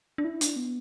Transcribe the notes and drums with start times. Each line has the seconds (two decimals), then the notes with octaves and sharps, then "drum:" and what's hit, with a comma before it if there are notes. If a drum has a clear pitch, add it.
0.18 D4
0.25 E4
0.41 D4, drum: hi-hat
0.56 B3